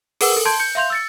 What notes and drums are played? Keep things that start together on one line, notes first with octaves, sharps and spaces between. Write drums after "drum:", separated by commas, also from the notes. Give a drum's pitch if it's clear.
G#4 A#4 B4 F#5 D6 E6, drum: open hi-hat
A4 A#4
A5 C6 G6 G#6 D7
G6 C#7
E5 F5 C6 G6 F7
E6 A6 C#7